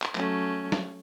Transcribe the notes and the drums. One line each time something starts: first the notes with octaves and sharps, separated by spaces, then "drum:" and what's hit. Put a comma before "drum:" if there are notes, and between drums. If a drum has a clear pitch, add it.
drum: clap
F#3 A3 C#4, drum: clap
drum: snare